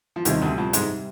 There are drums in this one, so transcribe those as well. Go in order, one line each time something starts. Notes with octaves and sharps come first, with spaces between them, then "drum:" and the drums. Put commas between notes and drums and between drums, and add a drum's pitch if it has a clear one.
F3
D#2 C3 D#3 G3 C4, drum: hi-hat
D2 D3
F2 F3
G#2 G#3, drum: hi-hat